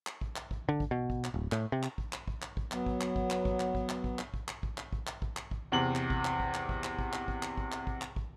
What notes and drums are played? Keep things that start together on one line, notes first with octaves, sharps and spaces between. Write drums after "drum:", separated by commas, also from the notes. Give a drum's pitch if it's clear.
drum: clap
drum: kick
drum: clap
drum: kick
D3
drum: kick
B2
drum: kick
drum: clap
D1
A2, drum: clap
C3
drum: clap
drum: kick
drum: clap
drum: kick
drum: clap
drum: kick
F#3 B3, drum: clap
drum: kick
drum: clap
drum: kick
drum: clap
drum: kick
drum: clap
drum: kick
drum: clap
drum: kick
drum: clap
drum: kick
drum: clap
drum: kick
drum: clap
drum: kick
drum: clap
drum: kick
drum: clap
drum: kick
E2 C3 F#7
drum: clap
drum: kick
drum: clap
drum: kick
drum: clap
drum: kick
drum: clap
drum: kick
drum: clap
drum: kick
drum: clap
drum: kick
drum: clap
drum: kick
drum: clap
drum: kick